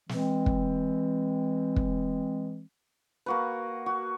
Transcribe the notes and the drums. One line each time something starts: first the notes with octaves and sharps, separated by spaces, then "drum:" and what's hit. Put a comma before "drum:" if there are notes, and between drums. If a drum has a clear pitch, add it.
E3 G#3 C4, drum: snare
drum: kick
drum: kick
A#3 F#4 B4
F#4